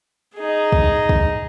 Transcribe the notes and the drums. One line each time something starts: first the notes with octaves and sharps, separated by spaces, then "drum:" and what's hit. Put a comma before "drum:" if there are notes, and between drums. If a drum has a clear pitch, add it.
D#4 G#4
drum: kick
drum: kick